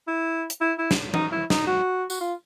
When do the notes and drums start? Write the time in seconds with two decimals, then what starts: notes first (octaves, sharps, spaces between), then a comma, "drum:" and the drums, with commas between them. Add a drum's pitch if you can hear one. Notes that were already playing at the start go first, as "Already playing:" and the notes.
0.07 E4
0.50 drum: hi-hat
0.61 E4
0.78 E4
0.91 drum: snare
1.14 D#4, drum: tom E3
1.32 E4
1.50 D#4, drum: snare
1.67 F#4
2.10 F#4, drum: tambourine
2.21 F4